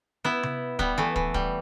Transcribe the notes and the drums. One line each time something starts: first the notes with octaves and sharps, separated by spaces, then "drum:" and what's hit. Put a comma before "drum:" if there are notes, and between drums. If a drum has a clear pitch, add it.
B3 E4
drum: tom C3
G3 B3, drum: kick
E3 A3
E3, drum: kick
G3, drum: kick